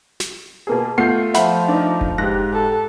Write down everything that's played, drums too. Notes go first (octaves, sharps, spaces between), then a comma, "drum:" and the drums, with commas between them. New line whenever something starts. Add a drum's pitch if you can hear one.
drum: snare
B2 A#3 G#4
A3 B3 F4 G6 C7
F3 E5 F#5 B5, drum: snare
D4 D#4
drum: kick F1
G#2 G4 F#6 A#6
A4